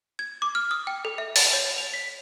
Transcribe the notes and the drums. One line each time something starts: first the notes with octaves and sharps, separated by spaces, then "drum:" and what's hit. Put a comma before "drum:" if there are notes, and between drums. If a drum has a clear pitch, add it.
G#6
D6
F6
D#6
G5
A4
E5
A6, drum: open hi-hat
C#5
F7
B6